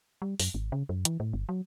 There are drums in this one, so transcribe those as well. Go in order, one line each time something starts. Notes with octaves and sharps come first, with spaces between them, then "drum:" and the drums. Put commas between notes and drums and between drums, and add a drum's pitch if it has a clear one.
G3
F#2, drum: open hi-hat
G#1
C#3
F#2
E3, drum: hi-hat
A2
G1
F#3